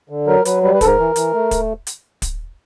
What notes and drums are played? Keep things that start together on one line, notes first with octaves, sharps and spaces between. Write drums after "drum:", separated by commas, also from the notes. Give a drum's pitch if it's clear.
D3
F#3 A#4
F#3 B4, drum: hi-hat
G3 B4
B4
G#2 A4, drum: kick, hi-hat
A#4
E3
E3, drum: hi-hat
A3
drum: kick, hi-hat
drum: hi-hat
drum: kick, hi-hat